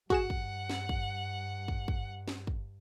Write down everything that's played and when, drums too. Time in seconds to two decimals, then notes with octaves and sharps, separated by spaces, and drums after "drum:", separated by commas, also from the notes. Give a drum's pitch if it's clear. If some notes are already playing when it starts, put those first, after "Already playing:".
0.10 G2 F#4 G#4 F#5 E7, drum: kick
0.30 drum: kick
0.70 drum: snare
0.89 drum: kick
1.68 drum: kick
1.88 drum: kick
2.28 drum: snare
2.47 drum: kick